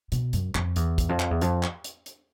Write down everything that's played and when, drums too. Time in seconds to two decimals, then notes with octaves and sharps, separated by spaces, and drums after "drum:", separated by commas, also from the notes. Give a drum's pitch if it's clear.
0.12 B2, drum: hi-hat
0.33 F#2, drum: hi-hat
0.55 F2, drum: clap
0.76 E2, drum: hi-hat
0.98 drum: kick, hi-hat
1.09 F2
1.20 drum: clap
1.31 E2
1.41 F2, drum: hi-hat
1.63 drum: clap
1.84 drum: hi-hat
2.06 drum: hi-hat